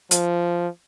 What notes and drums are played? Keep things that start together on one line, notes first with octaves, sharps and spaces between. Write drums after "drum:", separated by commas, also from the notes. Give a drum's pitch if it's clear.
F3, drum: hi-hat